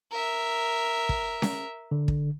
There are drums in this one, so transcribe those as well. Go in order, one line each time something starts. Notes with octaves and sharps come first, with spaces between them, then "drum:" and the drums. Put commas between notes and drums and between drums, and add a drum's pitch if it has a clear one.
A#4 E5
drum: kick
drum: snare C#4
D3
drum: kick